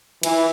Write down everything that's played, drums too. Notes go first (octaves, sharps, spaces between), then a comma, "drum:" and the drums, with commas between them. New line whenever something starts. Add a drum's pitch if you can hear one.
E3, drum: cymbal